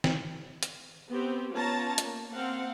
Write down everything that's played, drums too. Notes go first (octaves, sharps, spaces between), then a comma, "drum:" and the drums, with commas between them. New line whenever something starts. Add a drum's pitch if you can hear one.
drum: snare
drum: hi-hat
B3 C4 G4
B3 C#4 F4 C#5 A5 A#5
A#3, drum: hi-hat
A#3 C4 F5 F#5